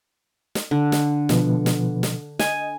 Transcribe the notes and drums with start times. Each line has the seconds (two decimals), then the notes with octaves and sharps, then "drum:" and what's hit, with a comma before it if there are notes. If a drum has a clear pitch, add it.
0.55 drum: snare
0.71 D3
0.92 drum: snare
1.29 B2 F3 B4, drum: snare
1.66 drum: snare
2.03 drum: snare
2.39 D#5 G#5, drum: snare